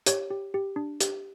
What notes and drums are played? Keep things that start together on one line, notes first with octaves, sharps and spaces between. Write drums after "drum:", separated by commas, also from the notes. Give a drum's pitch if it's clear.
G4 C#5, drum: hi-hat
G4
G4
D4
G4, drum: hi-hat